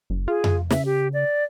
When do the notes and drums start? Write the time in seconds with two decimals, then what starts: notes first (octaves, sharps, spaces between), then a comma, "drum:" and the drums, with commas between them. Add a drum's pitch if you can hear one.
0.10 F#1
0.28 F4 G#4
0.44 drum: tom F2
0.70 C#3 E5, drum: snare
0.85 G4
1.13 D5